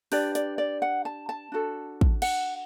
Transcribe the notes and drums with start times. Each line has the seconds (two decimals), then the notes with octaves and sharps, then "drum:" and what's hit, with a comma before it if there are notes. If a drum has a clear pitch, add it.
0.12 D4 G4 B4 D5, drum: open hi-hat
0.35 D5, drum: hi-hat
0.58 D5
0.82 F#5
1.05 A5
1.29 A5
1.52 D4 F#4 A4
2.01 drum: kick
2.22 F#5, drum: cymbal